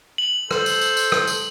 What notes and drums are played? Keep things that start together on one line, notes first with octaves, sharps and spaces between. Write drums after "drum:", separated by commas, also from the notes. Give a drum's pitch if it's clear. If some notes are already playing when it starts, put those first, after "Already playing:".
F#7
A4 C5, drum: rim click
drum: tambourine
drum: tambourine
drum: tambourine
drum: rim click
drum: tambourine